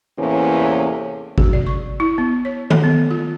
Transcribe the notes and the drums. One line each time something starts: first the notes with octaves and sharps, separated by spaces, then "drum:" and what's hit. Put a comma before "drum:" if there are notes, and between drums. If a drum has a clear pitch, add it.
E2 A2 C3 E3 A#3 C#4
F#4, drum: kick G#1
D5
C#6
E4
B3
C#5
A4, drum: tom D#3
B3
F4